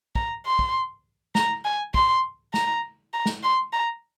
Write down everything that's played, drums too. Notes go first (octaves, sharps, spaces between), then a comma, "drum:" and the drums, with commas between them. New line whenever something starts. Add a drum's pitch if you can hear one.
A#5, drum: kick
C6
drum: kick
A#5, drum: snare
G#5
C6, drum: kick
A#5, drum: snare
A#5
drum: snare
C6
A#5